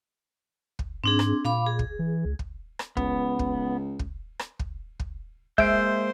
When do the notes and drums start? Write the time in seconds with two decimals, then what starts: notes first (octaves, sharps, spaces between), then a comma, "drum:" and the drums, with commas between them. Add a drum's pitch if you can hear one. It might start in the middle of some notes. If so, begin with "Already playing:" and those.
0.79 drum: kick
1.04 G#2 C4 D4 G#4
1.19 drum: rim click
1.45 A#2 F5 B5 D6
1.66 G#4
1.79 drum: kick
1.99 E3
2.25 C#2
2.39 drum: kick
2.79 drum: rim click
2.97 C#2 B3, drum: kick
3.39 drum: kick
3.99 drum: kick
4.39 drum: rim click
4.59 drum: kick
5.00 drum: kick
5.58 G#3 A#3 C5 E5 E6 G6 D7, drum: kick